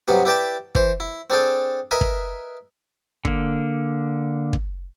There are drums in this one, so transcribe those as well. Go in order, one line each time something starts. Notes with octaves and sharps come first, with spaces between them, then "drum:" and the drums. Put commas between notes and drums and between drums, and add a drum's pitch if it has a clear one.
B1 G2 C3 F#3 G3 B3
E4 G4 B4 D5 G5 A5
E3 C5, drum: kick
E4
C4 D4 G#4 A4 G5
A#4 B4 D#5 E5 G#5
drum: kick
D3 A#3, drum: kick
drum: kick